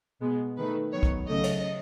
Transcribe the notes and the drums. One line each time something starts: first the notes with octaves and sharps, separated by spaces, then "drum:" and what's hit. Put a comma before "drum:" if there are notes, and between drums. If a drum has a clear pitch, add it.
B2 G#3 B3
D#3 A3 B4
D#3 F#3 B3 C#5
drum: kick
C#3 F#3 A3 D#5
drum: cymbal